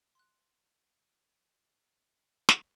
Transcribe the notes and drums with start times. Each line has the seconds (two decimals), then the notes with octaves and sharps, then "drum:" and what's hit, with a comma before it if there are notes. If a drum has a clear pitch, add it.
0.15 C6 F#6
2.49 drum: snare